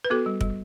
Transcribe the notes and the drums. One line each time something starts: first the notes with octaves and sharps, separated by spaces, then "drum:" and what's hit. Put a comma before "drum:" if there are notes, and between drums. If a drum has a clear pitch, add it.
B4
B3 F#4 A4
G3
G3, drum: kick